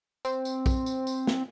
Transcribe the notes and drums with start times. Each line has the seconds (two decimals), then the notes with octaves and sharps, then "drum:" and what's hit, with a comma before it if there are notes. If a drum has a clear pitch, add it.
0.25 C4, drum: tambourine
0.45 drum: tambourine
0.66 drum: kick A#1, tambourine
0.86 drum: tambourine
1.07 drum: tambourine
1.27 drum: snare